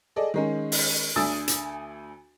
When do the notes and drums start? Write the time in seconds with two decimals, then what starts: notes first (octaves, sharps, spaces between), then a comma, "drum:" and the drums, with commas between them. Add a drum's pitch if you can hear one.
0.16 G#4 A4 D5 D#5
0.34 D#3 G#3 C#4
0.72 drum: open hi-hat
1.16 D2 D4 G#5 D#6 E6 A6
1.48 drum: hi-hat